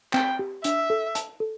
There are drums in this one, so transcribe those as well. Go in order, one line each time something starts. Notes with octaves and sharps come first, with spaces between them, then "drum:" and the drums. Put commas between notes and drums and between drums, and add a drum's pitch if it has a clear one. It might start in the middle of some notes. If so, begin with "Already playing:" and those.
C4 G5, drum: clap
G4
D4 E5, drum: hi-hat
A4
A5, drum: hi-hat
A4